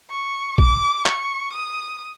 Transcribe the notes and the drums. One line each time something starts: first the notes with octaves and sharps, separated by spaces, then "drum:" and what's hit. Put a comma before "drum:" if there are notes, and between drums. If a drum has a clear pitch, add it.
C#6
D6, drum: kick
C#6, drum: clap
D#6